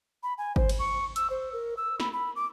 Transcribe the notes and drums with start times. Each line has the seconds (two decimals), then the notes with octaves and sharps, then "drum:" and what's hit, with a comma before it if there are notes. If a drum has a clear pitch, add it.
0.23 B5
0.38 G#5
0.56 C5, drum: kick G1
0.69 drum: cymbal
0.79 C#6
1.16 E6, drum: hi-hat
1.30 C5
1.53 A#4
1.77 E6
2.00 B5, drum: snare
2.13 B5
2.36 D6